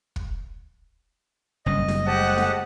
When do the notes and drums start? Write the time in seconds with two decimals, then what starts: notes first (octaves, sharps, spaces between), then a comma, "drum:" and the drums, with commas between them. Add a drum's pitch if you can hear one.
0.16 drum: kick
1.66 F#1 F#2 G3 D#5
1.88 drum: snare D#4
2.07 G#3 A3 G4 C5 D#5 F#5 A5
2.38 drum: snare D#4